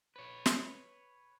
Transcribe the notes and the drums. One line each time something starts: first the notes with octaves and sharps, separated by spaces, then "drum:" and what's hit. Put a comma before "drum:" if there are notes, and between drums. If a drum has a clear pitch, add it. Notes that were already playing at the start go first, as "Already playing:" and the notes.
B4 C#5
drum: snare